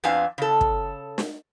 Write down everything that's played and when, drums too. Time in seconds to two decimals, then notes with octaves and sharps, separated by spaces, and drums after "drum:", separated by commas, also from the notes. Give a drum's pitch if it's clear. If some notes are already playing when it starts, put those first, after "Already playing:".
0.04 F2 B3 C4 D4 F5 G#5
0.38 C#3 A4
0.61 drum: kick
1.18 drum: snare